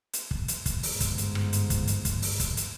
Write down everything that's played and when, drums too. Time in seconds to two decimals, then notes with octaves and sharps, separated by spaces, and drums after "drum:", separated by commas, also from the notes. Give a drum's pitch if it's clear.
0.13 drum: hi-hat
0.31 drum: kick
0.48 drum: hi-hat
0.66 drum: kick, hi-hat
0.83 G1 G#2, drum: open hi-hat
1.00 drum: kick, hi-hat
1.18 drum: hi-hat
1.35 drum: rim click
1.53 drum: hi-hat
1.70 drum: kick, hi-hat
1.87 drum: hi-hat
2.05 drum: kick, hi-hat
2.22 drum: open hi-hat
2.40 drum: kick, hi-hat
2.57 drum: hi-hat